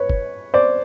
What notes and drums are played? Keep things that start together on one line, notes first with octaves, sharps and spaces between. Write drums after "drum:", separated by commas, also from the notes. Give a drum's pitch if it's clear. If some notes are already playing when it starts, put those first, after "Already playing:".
Already playing: B4 C#5
drum: kick
C5 D5